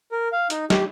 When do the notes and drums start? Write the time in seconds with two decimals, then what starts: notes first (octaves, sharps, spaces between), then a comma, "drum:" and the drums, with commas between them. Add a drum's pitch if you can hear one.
0.12 A#4
0.32 F5
0.50 D#4, drum: hi-hat
0.70 G4, drum: snare